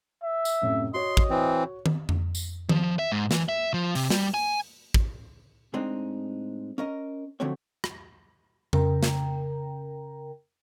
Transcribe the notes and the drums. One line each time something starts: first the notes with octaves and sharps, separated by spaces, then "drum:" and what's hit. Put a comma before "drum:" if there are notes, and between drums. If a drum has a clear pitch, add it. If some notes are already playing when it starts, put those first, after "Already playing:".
E5
drum: tambourine
F#2 A2 C3
F#4 C#5 D#5 C6
drum: kick
E3 C4
drum: tom D#3
drum: tom F2
drum: tambourine
F3, drum: tom D#3
E5
G#2
E3, drum: snare
E5
F3
C3, drum: open hi-hat
G3, drum: snare
G#5
drum: kick
A2 G#3 C4 D4 D#4
C#4 A#4 D#5
D3 F3 F#3 A3 C4 C#5
drum: rim click
C#3 A#4 G5 A#5, drum: tom F2
drum: snare